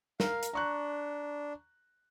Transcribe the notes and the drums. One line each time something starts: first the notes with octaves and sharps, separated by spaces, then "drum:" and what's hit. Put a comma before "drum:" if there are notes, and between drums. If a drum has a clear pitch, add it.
A#4 F5, drum: snare
drum: hi-hat
D4 A#5 C#6 F#6